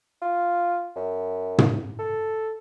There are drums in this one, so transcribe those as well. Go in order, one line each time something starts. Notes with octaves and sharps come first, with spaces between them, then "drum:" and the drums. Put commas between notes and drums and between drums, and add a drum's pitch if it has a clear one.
F4
F#2
drum: tom
A4